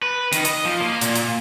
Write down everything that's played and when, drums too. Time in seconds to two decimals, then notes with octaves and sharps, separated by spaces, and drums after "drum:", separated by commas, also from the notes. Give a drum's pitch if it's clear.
0.02 B4
0.33 D#3, drum: hi-hat
0.45 D#5, drum: hi-hat
0.65 F3
0.81 A#3
1.01 A#2, drum: hi-hat
1.15 drum: hi-hat